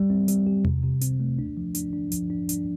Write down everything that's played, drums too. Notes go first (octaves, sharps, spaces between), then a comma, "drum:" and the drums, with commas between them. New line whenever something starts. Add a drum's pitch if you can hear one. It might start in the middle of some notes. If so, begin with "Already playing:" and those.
Already playing: G3
C4
G3, drum: hi-hat
G4
C3, drum: tom E2
C3
C4, drum: hi-hat
A3
D4
F3
D4, drum: hi-hat
D4
F3, drum: hi-hat
D4
D4, drum: hi-hat